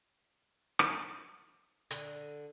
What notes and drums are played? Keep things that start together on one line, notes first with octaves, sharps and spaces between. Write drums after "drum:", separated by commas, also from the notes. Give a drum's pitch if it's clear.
drum: rim click
D3, drum: hi-hat